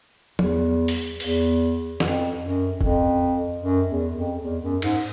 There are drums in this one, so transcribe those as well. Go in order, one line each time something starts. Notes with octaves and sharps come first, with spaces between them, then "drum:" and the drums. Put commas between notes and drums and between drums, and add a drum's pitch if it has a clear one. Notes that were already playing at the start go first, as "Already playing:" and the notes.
E2, drum: tom
drum: open hi-hat
E2, drum: open hi-hat
F2, drum: snare
F#2
F2, drum: kick
F#2
E2
F2
E2
F#2
G#2, drum: cymbal